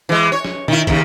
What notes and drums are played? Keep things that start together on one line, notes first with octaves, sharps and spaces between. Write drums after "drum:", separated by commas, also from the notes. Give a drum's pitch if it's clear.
E3 G#3
C#5
drum: snare
D#3 E4, drum: tom
D#2 C#3, drum: kick, hi-hat